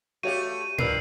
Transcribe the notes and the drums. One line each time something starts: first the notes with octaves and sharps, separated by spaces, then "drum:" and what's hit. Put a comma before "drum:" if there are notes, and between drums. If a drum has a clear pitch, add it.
A3 F#4 G4 C#5 F5 D#7
G2 F3 A#4 B4 D5 E6 C7, drum: tom